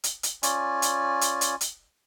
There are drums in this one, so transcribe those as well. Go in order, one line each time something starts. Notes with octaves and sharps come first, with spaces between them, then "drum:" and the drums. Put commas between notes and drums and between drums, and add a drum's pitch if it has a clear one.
drum: hi-hat
drum: hi-hat
C#4 F4 D5 G#5, drum: hi-hat
drum: hi-hat
drum: hi-hat
drum: hi-hat
drum: hi-hat